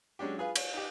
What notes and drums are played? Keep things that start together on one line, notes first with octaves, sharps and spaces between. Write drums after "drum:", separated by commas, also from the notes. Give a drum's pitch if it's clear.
F#3 G#3 C#4 D4 G4
F4 G#4 B4 F5
C#5, drum: cymbal
D#4 G4